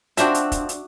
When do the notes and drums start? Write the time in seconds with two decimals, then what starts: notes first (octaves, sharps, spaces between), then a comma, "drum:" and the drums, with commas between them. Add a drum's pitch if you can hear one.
0.17 F3 C4 D4 F#4 E5, drum: hi-hat
0.34 drum: hi-hat
0.52 drum: kick, hi-hat
0.69 drum: hi-hat